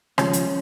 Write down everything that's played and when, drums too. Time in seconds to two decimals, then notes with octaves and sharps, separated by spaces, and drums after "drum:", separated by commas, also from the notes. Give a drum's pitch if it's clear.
0.18 D#2 C#3 F3 G#3 C#4, drum: rim click
0.33 drum: hi-hat